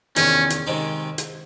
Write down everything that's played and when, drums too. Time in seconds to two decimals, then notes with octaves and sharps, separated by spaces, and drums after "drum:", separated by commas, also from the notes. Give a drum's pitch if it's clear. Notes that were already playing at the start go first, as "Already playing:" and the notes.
0.16 E2 C3 D#3 C#4, drum: hi-hat
0.50 drum: hi-hat
0.67 C3 D#3 G#3 C4 D#4
1.18 drum: hi-hat